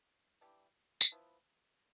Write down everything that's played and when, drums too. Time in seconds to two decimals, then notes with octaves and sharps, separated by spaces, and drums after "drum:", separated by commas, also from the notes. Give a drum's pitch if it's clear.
0.41 E3 G3 D4 G4
1.01 drum: tambourine
1.12 F3 B3 E4 B4